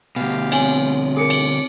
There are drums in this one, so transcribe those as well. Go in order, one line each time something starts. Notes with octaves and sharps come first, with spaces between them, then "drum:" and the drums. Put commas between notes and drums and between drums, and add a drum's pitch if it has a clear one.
D2 B2 G4 F5 G5
C4 C#5 G#5, drum: cymbal
G#4 A#4 D6 C#7
drum: cymbal